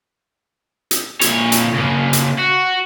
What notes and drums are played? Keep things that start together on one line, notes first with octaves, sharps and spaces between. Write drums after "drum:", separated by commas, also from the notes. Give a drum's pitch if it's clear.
drum: hi-hat
A#2 C#5, drum: hi-hat
drum: hi-hat
C#3 A#3
drum: hi-hat
F#4